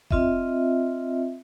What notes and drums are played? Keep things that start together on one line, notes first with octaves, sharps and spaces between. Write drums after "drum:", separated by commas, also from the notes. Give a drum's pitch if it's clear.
C4 F4 D#5 E5, drum: kick F1